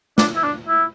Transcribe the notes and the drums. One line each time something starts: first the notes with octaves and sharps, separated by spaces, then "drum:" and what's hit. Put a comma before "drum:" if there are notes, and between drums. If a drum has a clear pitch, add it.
D4, drum: snare
E4
D4
E4